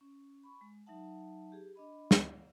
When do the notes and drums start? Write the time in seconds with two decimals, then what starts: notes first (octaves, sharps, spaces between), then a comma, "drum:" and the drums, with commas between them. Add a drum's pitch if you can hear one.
0.01 C#4
0.43 B5 C#6
0.61 G#3
0.86 F#3 D#4 E5 F#5 A5
1.52 G4 G#4
1.76 D4 D#5 B5
2.11 drum: snare